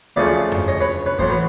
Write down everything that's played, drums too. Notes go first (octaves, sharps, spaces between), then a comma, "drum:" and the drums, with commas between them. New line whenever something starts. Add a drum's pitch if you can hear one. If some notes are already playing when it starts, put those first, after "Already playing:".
D2 C#3 F3 A3 C#4 D5 E5
drum: tom F2
C#5 D#5
B4 C#5
B4 C#5
A1 A2 F#3 C5, drum: kick F2
B4